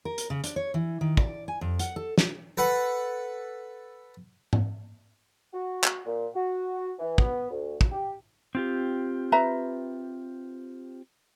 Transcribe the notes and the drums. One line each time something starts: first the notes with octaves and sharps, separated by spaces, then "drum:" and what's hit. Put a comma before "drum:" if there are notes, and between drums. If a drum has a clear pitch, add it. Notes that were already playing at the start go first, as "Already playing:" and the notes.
A#4
drum: hi-hat
C#3
D4, drum: hi-hat
C#5
E3
D#3
D5, drum: kick
G#5
F2
F#5, drum: hi-hat
A4
drum: snare
A4 B4 F#5
drum: tom G#2
F#4
drum: clap
A#2
F#4
E3
B3, drum: kick
D2
drum: kick
G4
C4 F4 G4
B4 E5 A#5